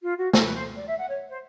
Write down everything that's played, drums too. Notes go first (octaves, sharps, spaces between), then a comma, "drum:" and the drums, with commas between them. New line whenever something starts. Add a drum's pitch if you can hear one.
F4
F#4
F4, drum: snare
B4
C5
D5
E5
F#5
C#5
C5